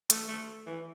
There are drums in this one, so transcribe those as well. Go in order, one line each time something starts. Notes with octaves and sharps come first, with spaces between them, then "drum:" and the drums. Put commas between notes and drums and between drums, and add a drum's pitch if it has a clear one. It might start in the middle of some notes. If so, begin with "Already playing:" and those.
A3, drum: hi-hat
A3
E3